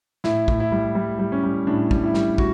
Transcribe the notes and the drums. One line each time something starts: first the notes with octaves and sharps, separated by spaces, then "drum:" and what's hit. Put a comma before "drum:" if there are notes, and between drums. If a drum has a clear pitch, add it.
A2 E4, drum: snare
A2, drum: kick
E4
G3
G3
G3
C#4
G3
A2 D4
G3, drum: kick
E4
G3, drum: snare
F#4, drum: kick